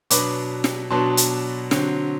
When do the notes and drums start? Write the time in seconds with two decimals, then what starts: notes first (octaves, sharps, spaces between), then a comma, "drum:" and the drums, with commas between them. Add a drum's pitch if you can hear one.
0.10 B2 F#3 B3 D4 B5 D6, drum: hi-hat
0.64 drum: snare
0.90 B2 F#3 B3 D4 A5 C6
1.17 drum: hi-hat
1.71 D3 F#3 C4, drum: snare